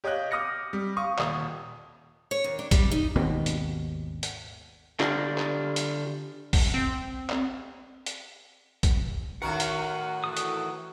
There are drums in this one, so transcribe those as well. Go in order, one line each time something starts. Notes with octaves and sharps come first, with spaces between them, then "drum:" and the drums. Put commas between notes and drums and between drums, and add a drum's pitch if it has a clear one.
G4 C#5 D#5 F5 F#6 G6
D6 D#6 F6 A#6 C#7
G3
F5 C#6 D#6
D#1 D#6, drum: clap
C#5
D#2
D4
G3, drum: kick A#1, hi-hat
D#4
G#1 D#2 B2 C4
drum: hi-hat
drum: hi-hat
D3 D4 F4 G4, drum: clap
drum: clap
drum: hi-hat
drum: kick A#1, open hi-hat
C4
drum: clap
drum: hi-hat
drum: kick A#1, hi-hat
A2 D#3 F#4 A#4 F#5
drum: hi-hat
E3 A4 D#6
drum: hi-hat